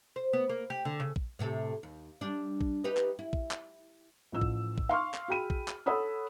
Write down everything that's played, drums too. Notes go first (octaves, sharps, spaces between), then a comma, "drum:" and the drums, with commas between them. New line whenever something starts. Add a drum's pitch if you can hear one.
C5
B3
A#3
G4
D3
C#3
drum: kick A#1
A2 C3 A4
D#2
G3 D4
drum: kick A#1
D#4 G4 B4
drum: clap
E4
drum: kick A#1
drum: clap
A1 F3 E6
drum: kick A#1
drum: kick A#1
F5 C6 C#6 F6
drum: clap
F#4 G#4 G5 B5 D#7
drum: kick A#1
drum: clap
A4 C#5 F#5 B5 D#6 E6